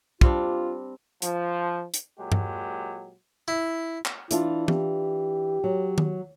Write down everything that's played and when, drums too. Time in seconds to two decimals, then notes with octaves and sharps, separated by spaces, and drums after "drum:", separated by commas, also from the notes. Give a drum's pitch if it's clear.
0.21 G3 C4 D4 F4, drum: kick
1.22 F3, drum: hi-hat
1.94 drum: hi-hat
2.19 A#2 F#3 G#3 G4
2.32 drum: tom G2
3.48 E4
4.05 drum: clap
4.31 E3 D4 E4 F4, drum: hi-hat
4.68 G4, drum: tom
5.64 F#3
5.98 drum: tom D#3